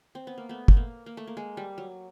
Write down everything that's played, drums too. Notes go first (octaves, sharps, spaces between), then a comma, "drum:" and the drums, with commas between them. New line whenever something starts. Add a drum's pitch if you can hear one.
C4
B3
A#3
A3 B3
A3, drum: kick
A#3
A#3
A3
A#3
G#3
G3
F#3